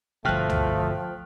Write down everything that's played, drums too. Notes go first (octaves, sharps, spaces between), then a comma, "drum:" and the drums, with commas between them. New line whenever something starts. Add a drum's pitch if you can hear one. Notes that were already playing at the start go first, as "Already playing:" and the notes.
G1 B2 F3 A3 G5 F6 F#6
drum: tom C#2